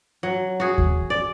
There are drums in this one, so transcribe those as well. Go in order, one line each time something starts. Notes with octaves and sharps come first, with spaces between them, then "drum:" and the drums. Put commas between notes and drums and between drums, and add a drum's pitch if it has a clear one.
F#3
F#4 G#4
drum: kick D#2
D5